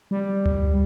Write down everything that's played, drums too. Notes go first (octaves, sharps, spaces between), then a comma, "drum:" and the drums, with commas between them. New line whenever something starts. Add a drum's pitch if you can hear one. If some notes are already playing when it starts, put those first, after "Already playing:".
G3
drum: tom D2